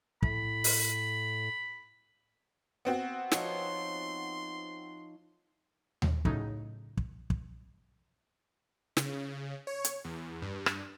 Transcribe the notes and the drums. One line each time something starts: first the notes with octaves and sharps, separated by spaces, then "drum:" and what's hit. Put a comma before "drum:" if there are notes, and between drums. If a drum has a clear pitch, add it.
A2 B5, drum: kick
drum: open hi-hat
B3 C4 F#4
F3 D#4 C#5 C6, drum: snare
drum: tom D#2
A2 C#3 F#3 D#4, drum: kick
drum: kick
drum: kick
C#3, drum: snare
C#5
drum: hi-hat
E2
G2
drum: rim click